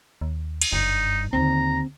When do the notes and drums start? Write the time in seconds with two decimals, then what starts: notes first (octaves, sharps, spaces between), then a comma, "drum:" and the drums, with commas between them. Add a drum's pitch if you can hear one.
0.21 D#2
0.62 drum: cymbal
0.73 F#1 G2 D#4
1.33 D#2 D3 C4 A#5